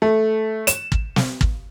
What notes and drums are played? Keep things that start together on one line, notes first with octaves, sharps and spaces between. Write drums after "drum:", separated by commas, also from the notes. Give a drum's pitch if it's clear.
A3
E7, drum: hi-hat
drum: kick
drum: snare
drum: kick